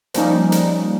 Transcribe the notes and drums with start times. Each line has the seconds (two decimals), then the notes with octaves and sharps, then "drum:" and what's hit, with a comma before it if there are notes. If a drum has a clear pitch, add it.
0.14 F3 G3 A#3 C#4 D#4, drum: hi-hat
0.52 drum: hi-hat